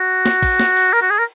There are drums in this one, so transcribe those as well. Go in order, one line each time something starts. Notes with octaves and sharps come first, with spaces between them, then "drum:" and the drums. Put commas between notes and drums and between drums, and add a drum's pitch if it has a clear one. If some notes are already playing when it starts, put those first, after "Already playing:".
Already playing: F#4
drum: snare
drum: kick, cymbal
drum: snare
drum: cymbal
A#4
F#4
G#4
A#4